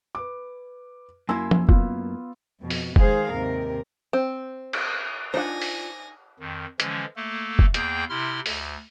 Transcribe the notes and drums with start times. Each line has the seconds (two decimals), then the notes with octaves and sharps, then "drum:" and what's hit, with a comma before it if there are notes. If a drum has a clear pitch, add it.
0.15 B4 D6
1.29 F#2 A#3 E4 G#5 C6 E6
1.51 drum: tom
1.69 B3 F4, drum: kick
2.60 F2 B2
2.70 drum: open hi-hat
2.96 D#3 G#3 G#4 C5 F5, drum: kick
3.31 D#2 G#2 C3 A#4
4.13 C4
4.73 drum: cymbal
5.34 D4 D#4 F4 C5 F#5 G#5 A#6
5.62 drum: open hi-hat
6.40 F2 D#3
6.80 D3 E3 F3 G#3 C#4, drum: hi-hat
7.16 A3 A#3 A4
7.59 drum: kick
7.74 E2 A#3 G#4 G5 G6, drum: hi-hat
8.09 C3 E4 C6 F6
8.46 D2, drum: open hi-hat